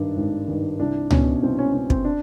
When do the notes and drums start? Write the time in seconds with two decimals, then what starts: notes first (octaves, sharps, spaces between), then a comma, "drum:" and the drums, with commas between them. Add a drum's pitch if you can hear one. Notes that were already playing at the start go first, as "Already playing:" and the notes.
Already playing: G#1 G2 D#3 D4
0.17 G#1
0.48 G2 D#3
0.80 C2 D4
1.11 B2 C#4, drum: tom C#2
1.43 C2 C4
1.59 C#4
1.73 B2 C#4
1.90 C4, drum: kick
2.05 D4